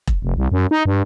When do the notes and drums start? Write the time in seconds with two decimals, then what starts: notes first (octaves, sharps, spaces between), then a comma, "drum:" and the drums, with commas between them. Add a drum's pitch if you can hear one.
0.07 drum: kick E1
0.22 F1
0.37 C2
0.52 F#2
0.71 D#4
0.86 G2